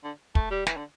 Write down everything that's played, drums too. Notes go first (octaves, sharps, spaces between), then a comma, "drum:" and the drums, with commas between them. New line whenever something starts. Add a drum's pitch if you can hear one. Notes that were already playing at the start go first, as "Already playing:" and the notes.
D3
A3, drum: kick
G3
E3, drum: snare
D3